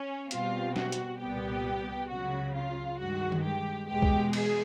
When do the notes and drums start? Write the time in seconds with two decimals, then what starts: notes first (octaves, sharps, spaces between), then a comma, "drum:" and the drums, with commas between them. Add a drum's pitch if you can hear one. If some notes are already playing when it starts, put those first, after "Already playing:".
Already playing: C#4
0.31 B2 G3 C4 F4, drum: hi-hat
0.76 F#4, drum: snare
0.92 drum: hi-hat
1.21 C2 A#2 G3 B3 G4
2.10 C#2 C#3 F#3 F#4
2.54 F4
2.99 G2 D#3 G#3 F#4
3.32 drum: tom D#3
3.44 G4
3.88 E2 B2 G#3 G4
4.02 drum: kick
4.33 G#4, drum: cymbal